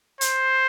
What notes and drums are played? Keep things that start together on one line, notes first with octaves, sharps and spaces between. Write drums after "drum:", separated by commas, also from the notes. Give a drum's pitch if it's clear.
C5, drum: hi-hat